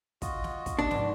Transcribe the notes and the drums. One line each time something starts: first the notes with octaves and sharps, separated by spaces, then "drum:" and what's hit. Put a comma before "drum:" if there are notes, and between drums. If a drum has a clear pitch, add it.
F4 F#4 D#5, drum: kick, hi-hat
drum: snare
drum: kick, hi-hat
D4
F1 G#2 F#4 B4 C6, drum: snare